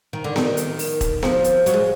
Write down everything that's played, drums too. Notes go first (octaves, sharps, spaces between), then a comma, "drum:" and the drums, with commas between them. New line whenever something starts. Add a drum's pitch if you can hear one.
D#3
D3
D#3, drum: snare B3
drum: hi-hat
drum: open hi-hat
drum: kick E1, hi-hat
F3, drum: snare B3
drum: hi-hat
F#3, drum: hi-hat
G#3